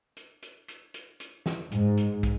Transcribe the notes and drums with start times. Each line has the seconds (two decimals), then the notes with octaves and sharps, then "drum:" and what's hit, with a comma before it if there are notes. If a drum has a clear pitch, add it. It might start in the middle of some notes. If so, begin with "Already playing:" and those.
0.17 drum: hi-hat
0.42 drum: hi-hat
0.68 drum: hi-hat
0.94 drum: hi-hat
1.20 drum: hi-hat
1.46 drum: snare
1.72 G#2, drum: hi-hat
1.97 drum: hi-hat
2.23 drum: kick, hi-hat